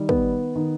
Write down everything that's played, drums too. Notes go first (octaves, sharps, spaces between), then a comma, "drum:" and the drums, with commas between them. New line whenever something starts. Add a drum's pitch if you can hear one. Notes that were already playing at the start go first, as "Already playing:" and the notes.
Already playing: D#3 G3
B3, drum: kick
D#3